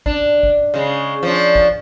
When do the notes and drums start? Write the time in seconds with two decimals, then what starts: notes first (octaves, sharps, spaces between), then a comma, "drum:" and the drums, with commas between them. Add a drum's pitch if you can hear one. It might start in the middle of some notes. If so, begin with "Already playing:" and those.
0.06 D4, drum: kick G#1
0.43 drum: kick G#1
0.74 C#3 G#3
1.23 F3 C#4 D4
1.55 drum: kick G#1